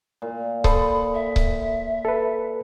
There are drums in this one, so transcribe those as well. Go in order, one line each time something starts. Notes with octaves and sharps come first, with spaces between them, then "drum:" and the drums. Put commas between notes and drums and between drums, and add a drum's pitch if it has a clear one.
A#2
A4 C5 B5 D#6, drum: kick C#1
E5
drum: kick C#1
A4 B4